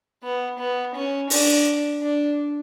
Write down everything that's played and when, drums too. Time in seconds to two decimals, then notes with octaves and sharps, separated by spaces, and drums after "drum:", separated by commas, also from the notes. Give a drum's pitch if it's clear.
0.23 B3
0.59 B3
0.95 C#4
1.30 D4, drum: open hi-hat
2.02 D4